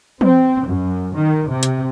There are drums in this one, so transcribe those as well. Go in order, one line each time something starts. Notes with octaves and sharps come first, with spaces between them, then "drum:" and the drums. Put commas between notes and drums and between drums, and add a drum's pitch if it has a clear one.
C4, drum: tom
F#2
D#3
C3
drum: hi-hat